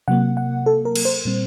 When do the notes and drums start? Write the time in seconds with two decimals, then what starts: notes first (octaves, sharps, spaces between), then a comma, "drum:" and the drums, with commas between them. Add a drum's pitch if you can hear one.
0.08 C3 F#3 A#3 F#5
0.37 F#5
0.66 A4
0.85 A#4
0.95 drum: cymbal
1.05 C5
1.25 A#2 G3 C4